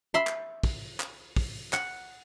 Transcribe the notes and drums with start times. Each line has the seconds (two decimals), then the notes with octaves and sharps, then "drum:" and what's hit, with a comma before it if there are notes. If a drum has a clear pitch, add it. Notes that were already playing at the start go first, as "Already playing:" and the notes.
0.14 E5 B5 C6
0.27 drum: clap
0.63 drum: kick, open hi-hat
1.00 drum: clap
1.37 drum: kick, open hi-hat
1.73 F#5, drum: clap